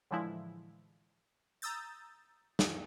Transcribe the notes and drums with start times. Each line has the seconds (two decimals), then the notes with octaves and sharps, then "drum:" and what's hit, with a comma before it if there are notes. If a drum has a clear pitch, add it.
0.11 A2 D3 E3 F3 G#3 E4
1.62 A#5 D#6 E6 G6 A6
2.59 drum: snare